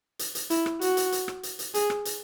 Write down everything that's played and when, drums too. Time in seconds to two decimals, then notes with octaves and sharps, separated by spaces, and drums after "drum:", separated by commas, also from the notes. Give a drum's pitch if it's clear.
0.19 drum: hi-hat
0.35 drum: hi-hat
0.50 E4, drum: hi-hat
0.66 drum: rim click
0.81 F#4, drum: hi-hat
0.97 drum: hi-hat
1.12 drum: hi-hat
1.28 drum: rim click
1.43 drum: hi-hat
1.59 drum: hi-hat
1.74 G#4, drum: hi-hat
1.90 drum: rim click
2.05 drum: hi-hat